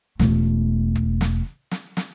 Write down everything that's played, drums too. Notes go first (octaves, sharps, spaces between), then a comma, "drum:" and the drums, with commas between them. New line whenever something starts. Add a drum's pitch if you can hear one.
E1 A3, drum: snare
drum: kick
drum: snare
drum: snare
drum: snare